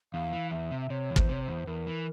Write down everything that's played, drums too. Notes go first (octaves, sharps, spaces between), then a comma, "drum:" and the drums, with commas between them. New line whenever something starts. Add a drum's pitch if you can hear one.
E2 F5
E3
E2 E5
C3
E5
C3 C#5
E2
C5, drum: kick
C3 C#5
C5
E2
E2 A#4
E3